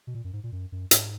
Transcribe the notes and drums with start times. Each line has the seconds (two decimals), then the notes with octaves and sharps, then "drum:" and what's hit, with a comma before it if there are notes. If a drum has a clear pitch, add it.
0.07 B2
0.15 A#2
0.24 F#2
0.33 G#2
0.44 A#2
0.52 F#2
0.72 F#2
0.91 G#2, drum: hi-hat